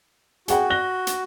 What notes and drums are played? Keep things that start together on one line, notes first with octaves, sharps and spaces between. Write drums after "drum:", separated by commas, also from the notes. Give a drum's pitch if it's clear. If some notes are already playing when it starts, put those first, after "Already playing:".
F#4 G#4 F#5 G5, drum: hi-hat
F#6 A#6 G7
drum: hi-hat